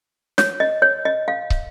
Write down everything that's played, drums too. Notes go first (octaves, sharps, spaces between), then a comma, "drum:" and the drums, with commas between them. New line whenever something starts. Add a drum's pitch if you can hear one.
C#5, drum: snare
D#5
C#5
D#5
F5
drum: kick